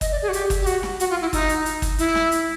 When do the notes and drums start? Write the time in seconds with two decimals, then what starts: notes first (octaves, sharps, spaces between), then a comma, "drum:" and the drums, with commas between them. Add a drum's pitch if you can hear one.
0.01 D#5, drum: kick, hi-hat
0.12 D5
0.22 G#4
0.29 F#4
0.33 G4, drum: hi-hat
0.50 drum: kick, hi-hat
0.61 G4
0.66 F#4, drum: hi-hat
0.83 drum: snare
1.00 F#4, drum: hi-hat
1.10 F4
1.21 E4
1.33 D#4, drum: kick, hi-hat
1.49 drum: hi-hat
1.66 drum: hi-hat
1.82 drum: kick, hi-hat
1.98 E4, drum: hi-hat
2.15 drum: snare
2.32 drum: hi-hat